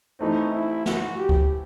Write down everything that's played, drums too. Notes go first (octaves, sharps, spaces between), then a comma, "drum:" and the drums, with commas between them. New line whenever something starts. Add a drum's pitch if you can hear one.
E3 A3 C4 D#4
E4
F#4, drum: snare
G4
drum: kick C#2